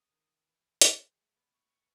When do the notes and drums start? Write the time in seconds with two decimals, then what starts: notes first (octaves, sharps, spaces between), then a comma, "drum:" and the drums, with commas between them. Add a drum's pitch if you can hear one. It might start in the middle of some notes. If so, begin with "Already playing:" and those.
Already playing: G#3 D#6
0.10 D#3
0.46 E3
0.81 G#3, drum: hi-hat
1.00 G#3
1.17 A3
1.35 B3
1.53 C#6